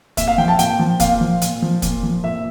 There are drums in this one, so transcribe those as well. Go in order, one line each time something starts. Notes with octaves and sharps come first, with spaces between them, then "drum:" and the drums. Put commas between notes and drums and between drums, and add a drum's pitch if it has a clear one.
A#2 E5, drum: kick, hi-hat
F5
F3 G5
A5
A#2 G5, drum: hi-hat
F3
A#2 F5, drum: kick, hi-hat
F3
A#2, drum: hi-hat
F3
A#2, drum: kick, hi-hat
F3
A#2 E5